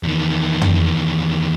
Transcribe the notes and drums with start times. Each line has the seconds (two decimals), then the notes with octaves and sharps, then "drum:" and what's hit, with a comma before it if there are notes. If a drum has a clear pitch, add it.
0.03 E2 D#3
0.61 drum: tom